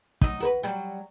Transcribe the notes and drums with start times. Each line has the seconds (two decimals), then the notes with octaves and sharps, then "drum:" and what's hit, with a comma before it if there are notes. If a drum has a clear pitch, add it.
0.21 F#3 D#4, drum: kick
0.40 F#4 A#4 B4
0.63 F#3 G3